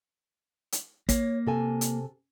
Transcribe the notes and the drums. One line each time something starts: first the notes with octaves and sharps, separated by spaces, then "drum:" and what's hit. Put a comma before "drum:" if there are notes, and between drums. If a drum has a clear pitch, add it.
drum: hi-hat
A#3 C#5, drum: kick A1, hi-hat
C3 A4 G#5
drum: hi-hat